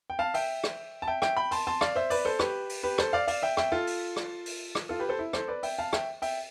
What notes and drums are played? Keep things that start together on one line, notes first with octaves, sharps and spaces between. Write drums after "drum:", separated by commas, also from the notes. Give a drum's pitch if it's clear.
G5
F5 A5
E5 G5, drum: open hi-hat
drum: rim click
A5
E5 G5
E5 G5, drum: rim click
G5 B5
A5 C6, drum: open hi-hat
A5 C6
D5 F5, drum: rim click
C5 E5
B4 D5, drum: open hi-hat
A4 C5
G4 B4, drum: rim click
drum: open hi-hat
G4 B4
A4 C5, drum: rim click
D5 F5
D5 F5, drum: open hi-hat
E5 G5
E5 G5, drum: rim click
F4 A4
drum: open hi-hat
drum: rim click
drum: open hi-hat
drum: rim click
F4 A4
G4 B4
A4 C5
E4
A4 C5, drum: rim click
B4 D5
E5 G5, drum: open hi-hat
F5 A5
E5 G5, drum: rim click
E5 G5, drum: open hi-hat